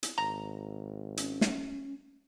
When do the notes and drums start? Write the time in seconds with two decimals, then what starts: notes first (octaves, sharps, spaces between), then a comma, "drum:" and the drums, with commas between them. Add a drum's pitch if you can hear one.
0.03 drum: hi-hat
0.18 G#1 A#5
1.17 C#4, drum: hi-hat
1.41 drum: snare